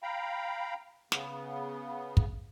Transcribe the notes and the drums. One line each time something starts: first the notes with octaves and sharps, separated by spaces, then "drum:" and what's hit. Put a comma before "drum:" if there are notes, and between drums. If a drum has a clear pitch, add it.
F5 G5 A#5 B5
C#3 B3, drum: snare
drum: kick